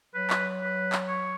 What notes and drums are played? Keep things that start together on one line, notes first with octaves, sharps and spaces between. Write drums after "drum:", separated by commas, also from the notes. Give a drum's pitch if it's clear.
F#3 B4
drum: clap
B4
drum: clap
C#5